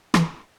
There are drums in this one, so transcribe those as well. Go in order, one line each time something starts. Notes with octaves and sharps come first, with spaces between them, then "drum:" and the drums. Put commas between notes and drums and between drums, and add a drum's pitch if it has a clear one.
E3, drum: rim click